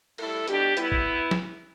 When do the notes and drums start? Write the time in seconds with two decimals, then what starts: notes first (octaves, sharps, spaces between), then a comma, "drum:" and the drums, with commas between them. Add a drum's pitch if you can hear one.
0.18 A2 G3 E4 A4, drum: cymbal
0.48 B2 G3 D4 G4, drum: hi-hat
0.77 A2 G3 B3 E4, drum: hi-hat
0.92 drum: kick
1.31 drum: snare